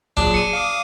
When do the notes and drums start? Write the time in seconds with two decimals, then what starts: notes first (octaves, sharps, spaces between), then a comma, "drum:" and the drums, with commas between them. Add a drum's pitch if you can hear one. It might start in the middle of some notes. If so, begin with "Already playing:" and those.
0.17 A#2 F#3 D4 G#4, drum: kick
0.34 C#7 D#7
0.53 F5 D6 D#6